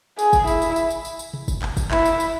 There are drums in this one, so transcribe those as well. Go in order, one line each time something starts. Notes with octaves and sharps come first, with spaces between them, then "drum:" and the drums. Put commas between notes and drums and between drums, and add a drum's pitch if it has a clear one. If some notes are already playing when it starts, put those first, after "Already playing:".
G#4, drum: tambourine
drum: kick, tambourine
E4, drum: tambourine
drum: tambourine
drum: tambourine
drum: tambourine
drum: tambourine
drum: tambourine
drum: tom C3
drum: kick, tambourine
drum: clap
drum: kick, tambourine
E4, drum: clap
drum: tambourine
drum: tambourine